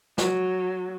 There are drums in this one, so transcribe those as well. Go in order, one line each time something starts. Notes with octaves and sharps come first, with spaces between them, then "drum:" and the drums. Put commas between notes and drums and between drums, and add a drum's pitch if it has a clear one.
F#3, drum: snare